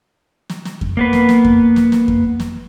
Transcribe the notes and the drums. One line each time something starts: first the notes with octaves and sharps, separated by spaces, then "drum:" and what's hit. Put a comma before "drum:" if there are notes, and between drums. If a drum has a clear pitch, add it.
drum: snare
drum: snare
drum: kick F2
A#3 B3 B4
drum: snare
drum: snare
drum: kick F2
drum: snare
drum: snare
drum: kick F2
drum: snare